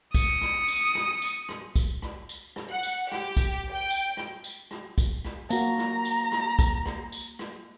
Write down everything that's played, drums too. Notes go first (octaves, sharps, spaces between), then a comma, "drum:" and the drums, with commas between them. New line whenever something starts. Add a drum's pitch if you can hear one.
D#6 C#7, drum: kick, tambourine
drum: rim click
drum: tambourine
drum: rim click
drum: tambourine
drum: rim click
drum: kick, tambourine
drum: rim click
drum: tambourine
drum: rim click
F#5
drum: tambourine
G4, drum: rim click
drum: kick, tambourine
G5
drum: tambourine
drum: rim click
drum: tambourine
drum: rim click
drum: kick, tambourine
drum: rim click
A#3 F#4 A#5, drum: tambourine
drum: rim click
drum: tambourine
drum: rim click
drum: kick, tambourine
drum: rim click
drum: tambourine
drum: rim click